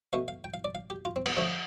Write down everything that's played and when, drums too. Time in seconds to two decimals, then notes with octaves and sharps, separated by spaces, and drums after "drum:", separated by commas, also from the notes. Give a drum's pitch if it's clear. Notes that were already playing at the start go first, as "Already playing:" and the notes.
0.13 B2 A3 F5
0.28 F5
0.44 G5
0.54 F5
0.64 D5
0.75 F5
0.90 G4
1.05 F4
1.16 C4
1.26 B3, drum: cymbal
1.37 D3 F3 A3